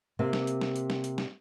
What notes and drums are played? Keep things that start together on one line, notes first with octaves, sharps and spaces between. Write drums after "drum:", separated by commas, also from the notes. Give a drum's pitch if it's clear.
C3 A#3 C4
drum: snare
drum: hi-hat
drum: snare
drum: hi-hat
drum: snare
drum: hi-hat
drum: snare